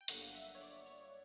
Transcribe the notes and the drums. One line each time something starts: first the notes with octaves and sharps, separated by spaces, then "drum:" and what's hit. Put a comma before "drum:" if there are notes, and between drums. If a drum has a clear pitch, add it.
G5
G1 G2 D3 F#3 A#3 F#5, drum: hi-hat
E5
C#5
D5
C#5